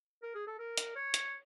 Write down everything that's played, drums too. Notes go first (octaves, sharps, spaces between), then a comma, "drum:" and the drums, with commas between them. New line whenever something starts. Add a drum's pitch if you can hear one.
A#4
G#4
A4
A#4
drum: hi-hat
C#5
drum: hi-hat